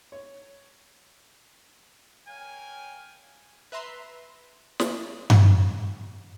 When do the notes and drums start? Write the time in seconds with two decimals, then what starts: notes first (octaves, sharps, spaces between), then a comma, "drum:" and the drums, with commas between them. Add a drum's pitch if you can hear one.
0.12 C#5
2.28 A#4 C#5 F5 G5 G#5
3.72 B4 E5 A#5 C6
4.80 drum: snare
5.30 drum: tom G2